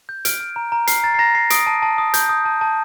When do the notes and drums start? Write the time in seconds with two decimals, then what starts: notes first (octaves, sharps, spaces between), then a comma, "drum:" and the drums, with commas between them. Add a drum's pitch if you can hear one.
0.09 G6
0.25 F6 D7, drum: hi-hat
0.40 F6
0.56 A#5
0.72 A#5
0.87 F6 C7, drum: hi-hat
1.03 A#5 A6
1.14 C7
1.19 A#5 A#6
1.35 A#5 C7
1.50 D#6 D7, drum: hi-hat
1.67 A5
1.82 A5
1.98 D#6
2.14 G6, drum: hi-hat
2.29 D#6
2.45 A5
2.61 A5